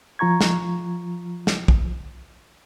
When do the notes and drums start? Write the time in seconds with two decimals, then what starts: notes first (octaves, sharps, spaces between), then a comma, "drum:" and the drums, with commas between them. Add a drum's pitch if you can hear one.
0.19 F3 F4 A#5 C#6 G#6
0.41 drum: snare
1.47 drum: snare
1.68 drum: kick